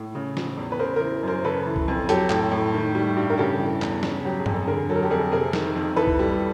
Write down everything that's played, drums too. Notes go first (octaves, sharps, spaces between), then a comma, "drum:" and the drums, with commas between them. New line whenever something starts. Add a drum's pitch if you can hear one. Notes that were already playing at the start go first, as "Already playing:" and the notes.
Already playing: A2
C#3
F3, drum: snare
E2
B4
C#3 A#4 C5
E3 A#4 C5
F#2 A#4 C5
C#3 A4 B4
E3
drum: kick C2
F2
F#3 G4 A4, drum: hi-hat
A2, drum: clap
A2
D#3
G3
G2
A#4
C#3 G4 A4
E3
E2, drum: clap
C#3, drum: snare
F#3 G4
G#4
F2, drum: tom G2
A4
D3 G#4 A#4
F#3 A4
A#4
G4 A4
F2 G#4 A#4
C3 G#4 A#4
D#3, drum: snare
F2
E3 A4 B4
drum: kick C2
G3